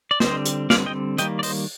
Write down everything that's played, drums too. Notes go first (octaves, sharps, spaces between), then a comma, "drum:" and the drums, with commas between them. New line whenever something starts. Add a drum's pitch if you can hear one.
D5
D3 G3 C4 C5 D#5, drum: snare
drum: hi-hat
D3 G3 C4 D5 F5, drum: snare
D#5 G5
D#3 G3 A#3 D#5 G5, drum: hi-hat
D5
C5 D#5, drum: open hi-hat